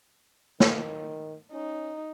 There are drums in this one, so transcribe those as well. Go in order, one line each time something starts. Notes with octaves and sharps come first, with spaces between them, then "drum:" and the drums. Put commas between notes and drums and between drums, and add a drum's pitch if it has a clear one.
D#3, drum: snare
C#4 D#4